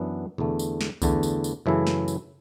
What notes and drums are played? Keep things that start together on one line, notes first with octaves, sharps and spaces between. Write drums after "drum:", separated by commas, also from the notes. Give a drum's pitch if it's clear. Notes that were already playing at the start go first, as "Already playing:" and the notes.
Already playing: F#2 E3 B3 D4
E2 D3 A3, drum: tom B2
drum: tambourine
drum: snare
E2 D3 A3, drum: kick C2, tambourine
drum: tambourine
drum: tambourine
F#2 C#3 E3 A3 E4
drum: snare
drum: tambourine